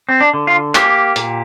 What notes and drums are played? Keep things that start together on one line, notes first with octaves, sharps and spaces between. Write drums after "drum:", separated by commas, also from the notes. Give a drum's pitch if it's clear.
C4
D4
D3
F4
A#3 G4, drum: clap
A#2, drum: hi-hat